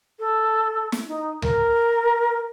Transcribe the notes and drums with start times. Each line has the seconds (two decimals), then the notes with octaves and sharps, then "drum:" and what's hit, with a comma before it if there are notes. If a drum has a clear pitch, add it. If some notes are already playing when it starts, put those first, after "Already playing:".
0.19 A4
0.92 drum: snare
1.07 D#4
1.42 A#4, drum: tom C#2